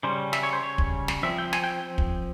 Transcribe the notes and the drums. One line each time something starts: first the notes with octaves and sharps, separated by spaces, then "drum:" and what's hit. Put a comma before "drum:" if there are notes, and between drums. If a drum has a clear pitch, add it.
C#3 G3 C#4 C5
E5, drum: snare
C#5
C5
C#5
drum: kick
drum: snare
F3 C4 E5
G5
G#5, drum: snare
G5
drum: kick